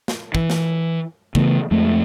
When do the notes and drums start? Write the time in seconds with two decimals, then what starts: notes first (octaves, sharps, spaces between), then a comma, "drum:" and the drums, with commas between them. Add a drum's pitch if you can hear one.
0.08 drum: snare
0.35 E3, drum: kick
0.50 drum: snare
1.35 C#3 E3 A3 B3, drum: kick
1.71 F2 G#3 A3